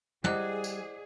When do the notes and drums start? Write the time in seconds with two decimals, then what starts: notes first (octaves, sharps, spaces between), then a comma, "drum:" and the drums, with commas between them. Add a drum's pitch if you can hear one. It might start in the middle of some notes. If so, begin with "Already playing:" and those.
0.24 G3 E4 G#4 C5 D#5 F#5 D6 F#6, drum: tom
0.64 drum: tambourine